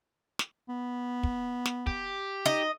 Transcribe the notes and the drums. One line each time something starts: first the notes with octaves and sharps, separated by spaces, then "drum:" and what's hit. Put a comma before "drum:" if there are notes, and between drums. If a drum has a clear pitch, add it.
drum: snare
B3
drum: kick
drum: snare
G4, drum: kick
D#4 D#5